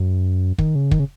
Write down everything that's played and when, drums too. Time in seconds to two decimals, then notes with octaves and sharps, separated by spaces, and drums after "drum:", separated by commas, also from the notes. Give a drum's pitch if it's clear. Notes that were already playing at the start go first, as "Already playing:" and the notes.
Already playing: F#2
0.58 D#3, drum: kick
0.75 C#3
0.91 D#3, drum: kick
1.00 C#3